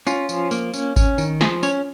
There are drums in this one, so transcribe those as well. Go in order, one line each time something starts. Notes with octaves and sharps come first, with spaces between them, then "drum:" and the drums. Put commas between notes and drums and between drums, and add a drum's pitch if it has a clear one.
C#4 F4, drum: tambourine
F3, drum: tambourine
A#3, drum: tambourine
C#4, drum: tambourine
C#4, drum: kick G#1, tambourine
D#3, drum: tambourine
F3 G#4, drum: snare
C#4 C#5, drum: tambourine